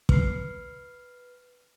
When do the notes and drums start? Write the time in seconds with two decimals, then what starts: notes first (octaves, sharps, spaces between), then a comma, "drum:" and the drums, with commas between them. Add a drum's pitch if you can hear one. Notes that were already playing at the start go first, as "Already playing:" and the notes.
0.09 B4 F6 C7, drum: kick